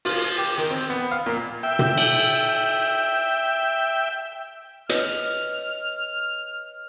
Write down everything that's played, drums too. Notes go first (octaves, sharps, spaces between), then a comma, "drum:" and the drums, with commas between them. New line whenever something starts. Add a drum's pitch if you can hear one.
F4, drum: open hi-hat
G4
D#3
C4
B3
F5
A#2
E5 G5
drum: tom
drum: cymbal
B4 C#5 D#5 F6, drum: hi-hat